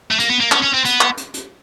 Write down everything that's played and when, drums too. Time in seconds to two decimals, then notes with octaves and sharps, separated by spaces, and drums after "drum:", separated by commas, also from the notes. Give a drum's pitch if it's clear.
0.11 A3
0.19 A#3, drum: hi-hat
0.29 B3
0.40 A#3
0.52 C#4, drum: clap
0.63 C#4
0.74 C4
0.85 B3, drum: hi-hat
1.01 drum: clap
1.17 drum: hi-hat
1.34 drum: hi-hat